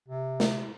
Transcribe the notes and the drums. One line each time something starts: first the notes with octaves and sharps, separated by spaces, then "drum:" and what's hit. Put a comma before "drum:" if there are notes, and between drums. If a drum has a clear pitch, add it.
C3
drum: snare